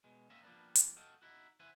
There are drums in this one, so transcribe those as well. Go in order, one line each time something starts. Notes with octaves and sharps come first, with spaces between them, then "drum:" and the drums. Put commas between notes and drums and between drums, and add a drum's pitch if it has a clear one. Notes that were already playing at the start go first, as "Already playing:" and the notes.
B2 G#3
A#3 C4 C#4 D#5 E5
F3 G3 A#3 B3 D4
drum: hi-hat
F#4 A4 D#5 F5 G5
D#4 E4 F#4
E4 C5 E5 F#5 G#5